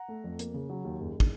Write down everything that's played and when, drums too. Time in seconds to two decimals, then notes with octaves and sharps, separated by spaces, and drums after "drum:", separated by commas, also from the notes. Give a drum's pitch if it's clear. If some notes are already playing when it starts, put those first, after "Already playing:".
Already playing: F#5 A#5
0.08 A3
0.24 F2
0.39 A#3, drum: hi-hat
0.54 C#3
0.70 F#3
0.85 D#2
1.00 F#1
1.20 drum: kick